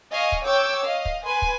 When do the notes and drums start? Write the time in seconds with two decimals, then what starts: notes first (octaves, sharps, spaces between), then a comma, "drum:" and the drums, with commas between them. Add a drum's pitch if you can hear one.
0.11 D#5 F5 G#5 C#6
0.32 drum: kick
0.44 C#5 G5 D6 E6
0.84 D#5 F5
1.05 drum: kick
1.24 B4 G#5 C6
1.42 drum: kick